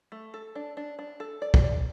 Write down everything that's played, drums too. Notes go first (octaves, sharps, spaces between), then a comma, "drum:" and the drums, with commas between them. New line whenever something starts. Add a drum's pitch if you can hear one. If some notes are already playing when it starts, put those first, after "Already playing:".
A3
A4
D4
D4
D4
A4
D5
drum: kick
D5